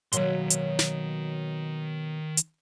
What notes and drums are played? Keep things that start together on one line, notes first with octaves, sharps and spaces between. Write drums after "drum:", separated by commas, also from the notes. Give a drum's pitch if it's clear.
B2 D#3 F#3 A#3 C6, drum: hi-hat
drum: hi-hat
drum: snare
drum: hi-hat